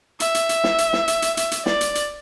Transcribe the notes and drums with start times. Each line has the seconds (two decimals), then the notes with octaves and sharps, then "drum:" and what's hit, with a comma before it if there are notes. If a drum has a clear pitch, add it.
0.20 E5, drum: hi-hat
0.35 drum: hi-hat
0.49 drum: hi-hat
0.64 drum: snare
0.78 drum: hi-hat
0.93 drum: snare
1.08 drum: hi-hat
1.22 drum: hi-hat
1.37 E5, drum: hi-hat
1.51 drum: hi-hat
1.66 D5, drum: snare
1.81 drum: hi-hat
1.95 drum: hi-hat